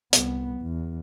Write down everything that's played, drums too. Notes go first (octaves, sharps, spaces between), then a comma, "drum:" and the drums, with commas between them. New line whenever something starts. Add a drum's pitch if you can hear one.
C2 B3, drum: hi-hat
E2